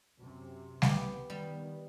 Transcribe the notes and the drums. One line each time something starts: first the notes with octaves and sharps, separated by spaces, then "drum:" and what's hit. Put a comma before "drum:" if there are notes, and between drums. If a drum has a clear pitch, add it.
F#2 C3
C2 B3 G4 C6, drum: snare G3
D#3 G3 B3